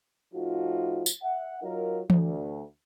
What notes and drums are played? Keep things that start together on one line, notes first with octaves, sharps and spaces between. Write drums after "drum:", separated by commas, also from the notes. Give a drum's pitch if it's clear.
A2 F3 D#4 F4 F#4
drum: tambourine
E5 F#5
F#3 D#4 F4 A#4
D2, drum: tom E3